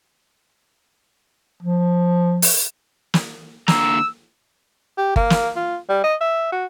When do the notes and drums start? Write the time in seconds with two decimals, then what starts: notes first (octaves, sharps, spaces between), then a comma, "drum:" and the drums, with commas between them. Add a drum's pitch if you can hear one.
1.62 F3
2.42 drum: open hi-hat
3.14 drum: snare
3.68 D3 A#3 A#5 E6, drum: snare
4.98 G4
5.16 A#3, drum: kick G1
5.30 drum: snare
5.56 F4
5.89 G3
6.04 D#5
6.21 E5
6.52 F#4